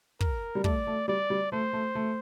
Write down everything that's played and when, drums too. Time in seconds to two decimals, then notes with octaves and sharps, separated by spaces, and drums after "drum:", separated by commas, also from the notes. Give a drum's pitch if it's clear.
0.21 A#4, drum: kick
0.55 G3
0.64 A3 D5, drum: kick
0.87 A3
1.08 G3 D5
1.30 G3
1.52 A3 C5
1.73 A3
1.95 A3